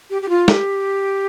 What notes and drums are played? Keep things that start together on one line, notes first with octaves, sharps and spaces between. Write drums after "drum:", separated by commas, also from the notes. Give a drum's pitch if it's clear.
G4
G4
F4
G4, drum: snare